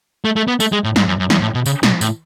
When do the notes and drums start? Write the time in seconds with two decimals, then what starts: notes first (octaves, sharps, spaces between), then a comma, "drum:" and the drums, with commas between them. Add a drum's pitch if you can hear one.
0.25 A3
0.36 A3
0.48 B3
0.60 A3, drum: tambourine
0.72 G#3
0.84 A2
0.96 G#2, drum: snare
1.08 F#2
1.19 F#2
1.30 E2, drum: snare
1.42 A2
1.55 B2
1.66 C#3, drum: tambourine
1.83 B2, drum: snare
2.01 A2, drum: tambourine